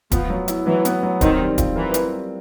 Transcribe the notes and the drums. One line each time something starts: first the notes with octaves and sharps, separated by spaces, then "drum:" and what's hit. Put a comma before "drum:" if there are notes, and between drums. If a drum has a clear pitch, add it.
F3 B3, drum: kick D1, hi-hat
F#3
E4, drum: hi-hat
E3 F#3
B3, drum: hi-hat
F#3
D#3 C4, drum: kick D1, hi-hat
G3
F4, drum: kick D1, hi-hat
E3 A#4
C4, drum: hi-hat
G3